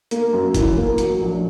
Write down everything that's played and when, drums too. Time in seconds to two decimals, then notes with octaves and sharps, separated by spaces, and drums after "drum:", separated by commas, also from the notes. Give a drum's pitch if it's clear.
0.11 A#3, drum: hi-hat
0.33 F#2
0.54 E3, drum: kick, hi-hat
0.77 A#3
0.98 F#3, drum: hi-hat
1.20 A#1